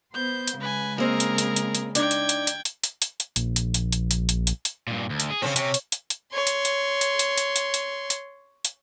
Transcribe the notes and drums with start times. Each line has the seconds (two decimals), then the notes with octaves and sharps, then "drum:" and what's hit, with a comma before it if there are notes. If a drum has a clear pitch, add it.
0.14 B3 C5 G6
0.47 drum: hi-hat
0.60 C#3 G#3 B4 G#5
0.98 A#3 C4 G#4 A#4 D#5
1.20 drum: hi-hat
1.38 drum: hi-hat
1.56 drum: hi-hat
1.75 drum: hi-hat
1.95 D4 D#4 G5 G#6, drum: hi-hat
2.11 drum: hi-hat
2.29 drum: hi-hat
2.47 drum: hi-hat
2.65 drum: hi-hat
2.84 drum: hi-hat
3.02 drum: hi-hat
3.20 drum: hi-hat
3.36 A#1, drum: hi-hat
3.56 drum: hi-hat
3.74 drum: hi-hat
3.92 drum: hi-hat
4.11 drum: hi-hat
4.29 drum: hi-hat
4.47 drum: hi-hat
4.65 drum: hi-hat
4.87 G2 A#2
5.10 D2
5.20 drum: hi-hat
5.30 G#4
5.42 A2 C#3 C4 C#4
5.56 C3 C#4, drum: hi-hat
5.74 drum: hi-hat
5.92 drum: hi-hat
6.10 drum: hi-hat
6.33 C#5 C6
6.47 drum: hi-hat
6.65 drum: hi-hat
7.01 drum: hi-hat
7.19 drum: hi-hat
7.38 drum: hi-hat
7.56 drum: hi-hat
7.74 drum: hi-hat
8.10 drum: hi-hat
8.65 drum: hi-hat